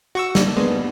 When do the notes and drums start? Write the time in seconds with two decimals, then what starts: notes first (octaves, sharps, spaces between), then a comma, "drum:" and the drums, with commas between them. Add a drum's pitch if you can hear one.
0.15 F#4 C#6 E6
0.35 A#3 D4 D5, drum: snare
0.57 G#3 B3